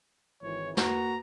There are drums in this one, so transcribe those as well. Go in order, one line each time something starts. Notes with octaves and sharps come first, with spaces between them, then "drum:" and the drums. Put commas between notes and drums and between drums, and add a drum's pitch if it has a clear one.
G#1 E3 C#5
A#3 F#4 B4 A#5, drum: snare